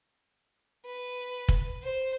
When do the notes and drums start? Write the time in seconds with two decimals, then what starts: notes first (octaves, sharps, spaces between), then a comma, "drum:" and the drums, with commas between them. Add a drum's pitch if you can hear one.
0.86 B4
1.48 drum: kick
1.83 C5